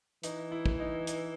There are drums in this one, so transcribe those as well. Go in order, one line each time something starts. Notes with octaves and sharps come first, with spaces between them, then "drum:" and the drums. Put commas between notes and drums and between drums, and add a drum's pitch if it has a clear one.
E3 D#4, drum: hi-hat
E4
drum: kick
D#4
D#4, drum: hi-hat